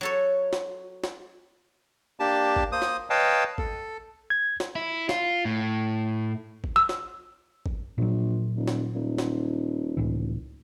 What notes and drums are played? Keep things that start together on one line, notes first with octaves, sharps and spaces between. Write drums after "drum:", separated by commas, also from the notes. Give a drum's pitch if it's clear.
F#3 A4 C#5
drum: snare
drum: snare
A#3 D4 G4 A5
drum: kick
A#3 C5 D#6
drum: snare
B4 C#5 D#5 F5 G5 A5
A4, drum: kick
G#6
drum: snare
E4
F4, drum: snare
A2
drum: kick
E6
drum: snare
drum: kick
A#1 A#2 F#3
D#1
drum: snare
D#1
drum: snare
C#2 A2 E3